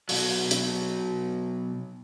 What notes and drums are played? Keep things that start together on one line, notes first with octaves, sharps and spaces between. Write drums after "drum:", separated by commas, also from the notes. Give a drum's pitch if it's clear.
B2 F#3, drum: open hi-hat
drum: hi-hat